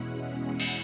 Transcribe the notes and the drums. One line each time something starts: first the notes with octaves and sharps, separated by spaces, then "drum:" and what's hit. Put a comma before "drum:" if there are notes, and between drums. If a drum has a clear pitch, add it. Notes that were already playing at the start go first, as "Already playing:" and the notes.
Already playing: E2 B2 G#3 C#4 E4 F#5
drum: cymbal